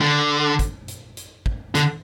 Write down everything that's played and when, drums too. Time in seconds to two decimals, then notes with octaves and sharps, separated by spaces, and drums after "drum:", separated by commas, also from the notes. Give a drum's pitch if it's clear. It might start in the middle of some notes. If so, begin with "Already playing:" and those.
0.01 D3
0.59 drum: kick, hi-hat
0.88 drum: hi-hat
1.17 drum: hi-hat
1.46 drum: kick
1.75 D3, drum: hi-hat